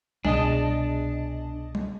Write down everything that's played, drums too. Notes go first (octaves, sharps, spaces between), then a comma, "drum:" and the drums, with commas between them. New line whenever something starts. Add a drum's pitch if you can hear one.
C2 B2 D4 G#4 D#5 A5, drum: tom G3
drum: tom G3